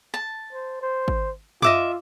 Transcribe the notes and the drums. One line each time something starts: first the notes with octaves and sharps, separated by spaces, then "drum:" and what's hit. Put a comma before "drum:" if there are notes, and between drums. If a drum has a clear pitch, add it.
A5
C5
C5
drum: kick G#1
F4 D#5 E5 D6, drum: tom F#2